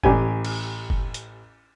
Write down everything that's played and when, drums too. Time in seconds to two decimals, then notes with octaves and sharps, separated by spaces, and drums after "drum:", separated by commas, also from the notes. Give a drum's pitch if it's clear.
0.03 A1 G4 G#5, drum: kick
0.45 drum: cymbal
0.90 drum: kick
1.14 drum: hi-hat